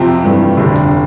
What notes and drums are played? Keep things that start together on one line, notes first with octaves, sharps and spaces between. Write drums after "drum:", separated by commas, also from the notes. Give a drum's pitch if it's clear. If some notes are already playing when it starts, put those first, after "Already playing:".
Already playing: F2 C3 F3 C4
G2 E3 A3
F1 F2 D3
drum: open hi-hat